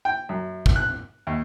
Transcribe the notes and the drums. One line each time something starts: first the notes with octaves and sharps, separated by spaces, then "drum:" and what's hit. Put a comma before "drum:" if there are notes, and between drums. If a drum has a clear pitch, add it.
G5
F#2
drum: kick
F#6
D#2